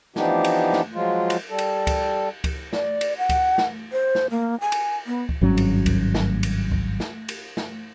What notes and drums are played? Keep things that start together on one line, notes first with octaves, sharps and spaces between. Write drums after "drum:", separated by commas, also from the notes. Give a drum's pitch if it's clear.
E3 F3 B3 D4 D#4 G4, drum: snare
drum: cymbal
drum: snare
F3 F#3 G#3 F4
drum: cymbal
G3 A4
drum: cymbal
drum: kick C#2, cymbal
drum: kick C#2, cymbal
D5, drum: snare
drum: cymbal
F#5
drum: kick C#2, cymbal
drum: snare
C5
drum: snare
A#3
G#5
drum: cymbal
B3
drum: kick C#2
G#1 G2 F#3 C#4
drum: cymbal
drum: kick C#2, cymbal
drum: snare
drum: cymbal
drum: kick C#2
drum: snare
drum: cymbal
drum: snare